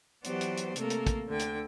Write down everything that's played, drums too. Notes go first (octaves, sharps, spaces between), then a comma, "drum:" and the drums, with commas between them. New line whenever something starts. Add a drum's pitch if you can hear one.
E3 F#3 B3 G4 C5 D5, drum: hi-hat
drum: hi-hat
drum: hi-hat
C3 A3 A#3 A4 A#4, drum: hi-hat
drum: hi-hat
drum: kick, hi-hat
D2 D3 G5
drum: hi-hat